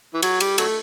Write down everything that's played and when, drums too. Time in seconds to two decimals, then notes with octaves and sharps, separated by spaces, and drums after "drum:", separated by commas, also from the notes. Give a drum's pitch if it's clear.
0.14 E3
0.23 F#3, drum: cymbal
0.40 G3, drum: cymbal
0.58 F#3 A3, drum: cymbal